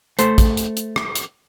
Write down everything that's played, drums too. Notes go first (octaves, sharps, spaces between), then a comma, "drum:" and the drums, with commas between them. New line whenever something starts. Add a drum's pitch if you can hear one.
A3 C5, drum: hi-hat
drum: kick, hi-hat
drum: hi-hat
drum: hi-hat
drum: rim click
drum: hi-hat